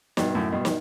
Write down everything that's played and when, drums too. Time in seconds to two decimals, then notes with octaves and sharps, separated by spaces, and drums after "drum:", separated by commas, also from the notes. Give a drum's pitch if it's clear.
0.17 G2 B2, drum: snare
0.35 F#2 A2
0.52 G2 B2
0.65 drum: snare